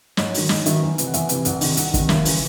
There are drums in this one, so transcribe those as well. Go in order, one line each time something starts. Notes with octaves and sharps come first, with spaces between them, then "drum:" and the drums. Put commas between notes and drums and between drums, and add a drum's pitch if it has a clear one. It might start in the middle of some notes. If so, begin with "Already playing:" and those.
G#2 C#5, drum: snare
D#3 F#3, drum: open hi-hat
G#2 D#5, drum: snare
D#3 F#3 E5, drum: hi-hat
E2
C3 E3, drum: hi-hat
F#5
E2 E5, drum: hi-hat
C3 E3, drum: hi-hat
C2 F#5, drum: hi-hat
C3 D#3, drum: open hi-hat
C2 F#5, drum: hi-hat
C3 D#3, drum: kick, hi-hat
D#2 E5, drum: snare
C#3 E3, drum: open hi-hat